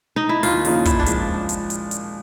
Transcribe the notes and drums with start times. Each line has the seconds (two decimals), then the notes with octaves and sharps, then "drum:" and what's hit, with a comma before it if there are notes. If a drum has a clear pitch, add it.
0.16 D#4
0.29 E4
0.43 D#2 F4, drum: open hi-hat
0.65 C#3 F3 A#3 D#4, drum: open hi-hat
0.85 A#2 E4, drum: kick, hi-hat
0.99 D4
1.06 F3 G#3, drum: hi-hat
1.49 drum: hi-hat
1.70 drum: hi-hat
1.91 drum: hi-hat